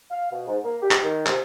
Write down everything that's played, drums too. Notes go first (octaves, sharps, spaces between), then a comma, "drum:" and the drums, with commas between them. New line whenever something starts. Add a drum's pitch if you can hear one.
F5
B2
G#2
A#3
G4
drum: clap
D#3
C3, drum: clap